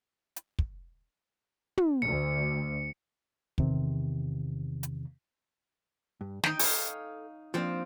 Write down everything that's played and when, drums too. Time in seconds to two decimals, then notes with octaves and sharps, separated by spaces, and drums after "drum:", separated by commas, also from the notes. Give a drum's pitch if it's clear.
0.36 drum: hi-hat
0.59 drum: kick
1.78 drum: tom
2.02 D2 C#7
3.58 E2 C3 D#3, drum: kick
4.83 drum: hi-hat
6.21 G2
6.44 D#3 D#4 G5, drum: snare
6.59 A4 C#5 F5 G#5, drum: open hi-hat
7.54 F3 A#3 C4 D4 F4